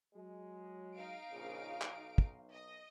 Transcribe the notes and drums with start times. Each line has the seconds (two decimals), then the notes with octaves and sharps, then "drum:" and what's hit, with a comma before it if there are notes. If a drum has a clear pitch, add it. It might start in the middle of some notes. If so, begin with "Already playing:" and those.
0.15 F#3 G#3
0.96 D#4 F5 D7
1.30 A#1 C#3
1.82 B1, drum: clap
2.18 drum: kick
2.51 D#5